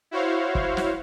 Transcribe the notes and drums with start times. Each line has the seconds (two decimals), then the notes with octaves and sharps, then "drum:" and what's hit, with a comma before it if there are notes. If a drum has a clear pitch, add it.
0.11 E4 F#4 C5 C#5 F5
0.55 drum: kick
0.77 drum: snare